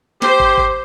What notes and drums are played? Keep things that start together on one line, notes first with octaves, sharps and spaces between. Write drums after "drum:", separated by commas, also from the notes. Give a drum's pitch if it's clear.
G4 C5, drum: snare
drum: kick
drum: kick